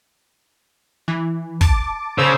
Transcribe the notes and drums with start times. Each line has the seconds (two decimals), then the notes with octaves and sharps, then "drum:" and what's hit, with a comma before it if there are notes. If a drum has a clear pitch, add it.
1.08 E3
1.61 A5 D6, drum: kick
2.18 C#3 C5 E6